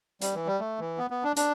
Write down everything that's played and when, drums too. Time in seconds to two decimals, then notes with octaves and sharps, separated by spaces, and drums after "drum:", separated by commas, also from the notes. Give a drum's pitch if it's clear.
0.21 G3, drum: hi-hat
0.34 E3
0.47 G3
0.60 A3
0.79 E3
0.98 B3
1.11 B3
1.24 D4
1.36 D4, drum: hi-hat